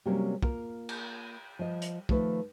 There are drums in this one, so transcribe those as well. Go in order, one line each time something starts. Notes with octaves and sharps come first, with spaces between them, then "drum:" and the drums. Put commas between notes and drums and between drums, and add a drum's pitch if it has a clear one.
C3 F#3 G3 A#3 C#4 A#4
A#3 F4 A#4, drum: kick
drum: cymbal
F3 D#5
drum: hi-hat
D#3 F3 A3 B4, drum: kick